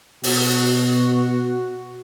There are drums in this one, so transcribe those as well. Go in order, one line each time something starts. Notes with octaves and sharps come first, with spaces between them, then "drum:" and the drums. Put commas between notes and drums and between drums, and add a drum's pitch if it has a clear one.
B2 F#4, drum: open hi-hat